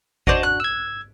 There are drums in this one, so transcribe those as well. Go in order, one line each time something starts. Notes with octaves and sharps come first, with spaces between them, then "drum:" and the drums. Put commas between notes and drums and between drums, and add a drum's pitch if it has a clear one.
D4 F#4 C5 D5 D#5, drum: kick G#1
F#6
E6 G#6